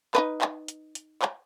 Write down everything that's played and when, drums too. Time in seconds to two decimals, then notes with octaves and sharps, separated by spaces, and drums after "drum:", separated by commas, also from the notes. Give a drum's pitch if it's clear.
0.15 D#4 B4, drum: clap
0.42 drum: clap
0.68 drum: hi-hat
0.95 drum: hi-hat
1.22 drum: clap